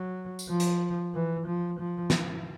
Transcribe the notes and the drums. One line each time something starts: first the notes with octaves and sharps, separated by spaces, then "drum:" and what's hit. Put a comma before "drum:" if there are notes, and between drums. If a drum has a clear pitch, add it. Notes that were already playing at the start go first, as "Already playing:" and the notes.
Already playing: F#3
drum: tambourine
F3
drum: hi-hat
E3
F3
F3
drum: snare